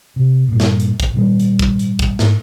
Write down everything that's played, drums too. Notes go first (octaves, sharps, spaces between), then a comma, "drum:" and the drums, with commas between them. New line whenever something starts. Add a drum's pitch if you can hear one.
C3
G2 A#2
drum: snare
drum: hi-hat
drum: kick, hi-hat
A#2 D3 D#3 G3
drum: hi-hat
drum: kick, hi-hat
drum: hi-hat
drum: kick, hi-hat
G#2, drum: snare